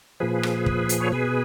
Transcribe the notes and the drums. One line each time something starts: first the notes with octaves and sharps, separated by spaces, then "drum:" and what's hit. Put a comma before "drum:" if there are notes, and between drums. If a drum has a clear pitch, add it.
A#2 F3 G#4 B4
drum: rim click
drum: kick
drum: hi-hat
C#5
B2 G#4 B4